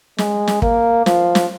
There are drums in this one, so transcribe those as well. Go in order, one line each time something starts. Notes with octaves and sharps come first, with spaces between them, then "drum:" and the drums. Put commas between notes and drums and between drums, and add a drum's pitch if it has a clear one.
G#3, drum: snare
drum: snare
A#3, drum: kick
F3, drum: snare
drum: snare